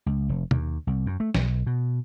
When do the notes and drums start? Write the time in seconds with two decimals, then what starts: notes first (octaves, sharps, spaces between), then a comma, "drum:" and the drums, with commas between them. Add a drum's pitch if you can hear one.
0.06 C#2
0.29 F1
0.51 D#2, drum: tom
0.87 C2
1.06 F#2
1.20 A3
1.35 B1, drum: snare
1.67 B2